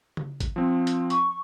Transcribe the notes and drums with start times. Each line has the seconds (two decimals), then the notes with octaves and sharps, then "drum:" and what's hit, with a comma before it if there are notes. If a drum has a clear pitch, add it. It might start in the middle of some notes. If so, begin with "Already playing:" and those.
0.17 drum: tom C#3
0.40 drum: kick G#1, hi-hat
0.56 F3 C4
0.87 drum: hi-hat
1.10 C#6, drum: hi-hat